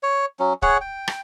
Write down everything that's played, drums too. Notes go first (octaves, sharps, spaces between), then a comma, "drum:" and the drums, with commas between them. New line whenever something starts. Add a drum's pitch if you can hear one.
C#5
F#3 C#4
G#4 C#5 F#5, drum: kick C#1
G5
drum: rim click